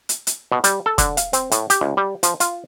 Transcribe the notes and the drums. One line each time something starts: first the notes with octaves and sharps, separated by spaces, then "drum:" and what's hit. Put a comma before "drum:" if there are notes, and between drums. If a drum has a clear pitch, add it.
drum: hi-hat
drum: hi-hat
B2
G3, drum: hi-hat
A4
D3, drum: kick, hi-hat
F5, drum: hi-hat
C4, drum: hi-hat
A2, drum: hi-hat
G4, drum: hi-hat
C#2
G3
F3, drum: hi-hat
F4, drum: hi-hat